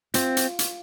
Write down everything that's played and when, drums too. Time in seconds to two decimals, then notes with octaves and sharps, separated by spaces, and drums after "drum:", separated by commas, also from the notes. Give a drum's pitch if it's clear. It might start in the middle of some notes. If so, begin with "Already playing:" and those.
0.14 C4 F4, drum: hi-hat
0.37 drum: hi-hat
0.59 drum: hi-hat